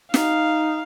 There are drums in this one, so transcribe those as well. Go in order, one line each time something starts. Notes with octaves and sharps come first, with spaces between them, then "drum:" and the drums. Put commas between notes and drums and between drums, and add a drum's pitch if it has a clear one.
D#4 F5, drum: snare